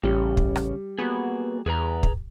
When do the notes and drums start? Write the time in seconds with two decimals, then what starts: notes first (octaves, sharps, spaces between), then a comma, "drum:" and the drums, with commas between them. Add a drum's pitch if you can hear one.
0.04 A1 C#3 G3 C#4
0.37 drum: kick
0.56 drum: rim click
0.99 A#3 B3 F#4 G#4
1.66 E2 G#4 B4 A#5
2.03 drum: kick